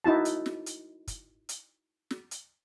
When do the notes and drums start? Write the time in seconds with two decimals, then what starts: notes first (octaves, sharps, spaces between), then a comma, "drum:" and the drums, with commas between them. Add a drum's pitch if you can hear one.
0.04 D#4 E4 F#4 A5
0.25 drum: hi-hat
0.46 drum: snare
0.66 drum: hi-hat
1.07 drum: kick, hi-hat
1.49 drum: hi-hat
2.11 drum: snare
2.31 drum: hi-hat